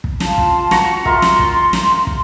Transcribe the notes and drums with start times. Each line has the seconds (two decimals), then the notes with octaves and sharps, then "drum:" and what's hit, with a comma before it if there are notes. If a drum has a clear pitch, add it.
0.04 drum: kick
0.20 F4 A5, drum: snare
0.38 drum: kick
0.71 F#4 A#5 C#6, drum: snare
1.05 F4 A#4 E5 C6, drum: kick
1.22 drum: snare
1.39 drum: kick
1.73 drum: snare
2.07 drum: kick